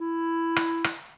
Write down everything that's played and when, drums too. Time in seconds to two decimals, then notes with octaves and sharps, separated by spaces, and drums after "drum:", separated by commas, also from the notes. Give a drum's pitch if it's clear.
0.01 E4
0.56 drum: rim click
0.84 drum: rim click